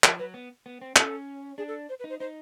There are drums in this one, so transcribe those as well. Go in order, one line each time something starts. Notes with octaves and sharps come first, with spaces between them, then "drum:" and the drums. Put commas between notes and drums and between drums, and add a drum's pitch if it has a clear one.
F3 A#4, drum: clap
F#3 B4
B3
B3
C4
C#4 A4, drum: clap
D4 G#4
A4
C5
B4
D#4
C5
D#4 C5